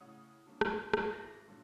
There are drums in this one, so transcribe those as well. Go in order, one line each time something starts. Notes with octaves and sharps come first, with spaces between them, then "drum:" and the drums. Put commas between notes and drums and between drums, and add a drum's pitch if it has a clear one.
A2 C#3 C#5 F#5 D#6
D3 G3 A#3 C#4
D4 B4 C6, drum: rim click
B3 F4, drum: rim click
G#1 E4 B4 A6 A#6 F#7
G2 A#2 D3 F#3